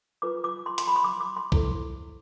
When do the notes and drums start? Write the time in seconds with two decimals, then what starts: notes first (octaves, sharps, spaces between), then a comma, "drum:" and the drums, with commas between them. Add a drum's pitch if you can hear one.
0.22 F4 B4 D6
0.44 D6
0.66 C6
0.78 C6, drum: hi-hat
0.87 B5
0.96 C6
1.04 D6
1.21 D6
1.37 C6
1.52 E4 A4 C5, drum: kick B1